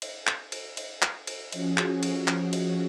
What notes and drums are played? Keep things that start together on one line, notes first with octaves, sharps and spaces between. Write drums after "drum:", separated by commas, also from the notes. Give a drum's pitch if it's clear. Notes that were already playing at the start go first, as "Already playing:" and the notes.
drum: cymbal
drum: clap
drum: cymbal
drum: cymbal
drum: clap
drum: cymbal
F3 C#4 F#4 G#4, drum: cymbal
drum: clap
drum: cymbal
drum: clap
drum: cymbal